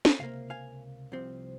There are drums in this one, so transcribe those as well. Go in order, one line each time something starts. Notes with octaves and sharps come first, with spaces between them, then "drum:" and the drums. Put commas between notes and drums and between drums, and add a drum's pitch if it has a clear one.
drum: snare
C#2 C3 A#3 F5
F5 G#5
C2 C3 F3 C4